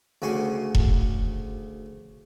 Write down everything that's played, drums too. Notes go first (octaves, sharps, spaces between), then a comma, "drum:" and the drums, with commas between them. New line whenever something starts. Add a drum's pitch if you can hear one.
D2 C#3 F#4 G#5 C6 C#6
drum: kick E1